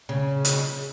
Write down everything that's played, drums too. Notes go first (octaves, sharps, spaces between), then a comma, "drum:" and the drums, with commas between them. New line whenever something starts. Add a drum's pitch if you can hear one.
C#3
drum: hi-hat